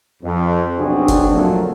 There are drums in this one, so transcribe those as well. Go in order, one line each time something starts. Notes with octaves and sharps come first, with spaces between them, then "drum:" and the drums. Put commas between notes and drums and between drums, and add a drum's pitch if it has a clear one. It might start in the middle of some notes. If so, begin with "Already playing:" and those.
F2
B1 C3 C4 D4 F#4 G#4
drum: kick F1, hi-hat
F2 A#2 D3 F#3 A3 A#3